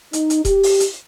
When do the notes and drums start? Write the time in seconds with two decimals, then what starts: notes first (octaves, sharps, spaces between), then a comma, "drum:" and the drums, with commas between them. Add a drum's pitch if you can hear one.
0.13 D#4, drum: hi-hat
0.30 drum: hi-hat
0.45 G4, drum: kick D#1, hi-hat
0.63 drum: open hi-hat
0.80 drum: hi-hat